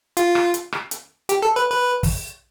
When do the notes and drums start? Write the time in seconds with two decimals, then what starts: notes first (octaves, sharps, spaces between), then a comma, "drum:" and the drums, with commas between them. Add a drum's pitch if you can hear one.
0.17 F4, drum: hi-hat
0.35 drum: rim click
0.54 drum: hi-hat
0.72 drum: rim click
0.91 drum: hi-hat
1.29 G4, drum: hi-hat
1.42 A4
1.56 B4
1.71 B4
2.03 drum: kick, open hi-hat